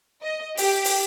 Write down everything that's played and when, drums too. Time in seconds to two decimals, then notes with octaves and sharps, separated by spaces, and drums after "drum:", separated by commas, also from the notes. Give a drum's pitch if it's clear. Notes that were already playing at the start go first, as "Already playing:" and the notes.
0.22 D#5
0.57 G4, drum: open hi-hat
0.85 drum: open hi-hat